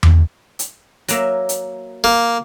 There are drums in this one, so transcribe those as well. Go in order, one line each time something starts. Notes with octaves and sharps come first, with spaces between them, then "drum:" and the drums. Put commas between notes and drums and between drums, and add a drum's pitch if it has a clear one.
drum: tom E2
drum: hi-hat
F#3 A#3 E5, drum: hi-hat
drum: hi-hat
A#3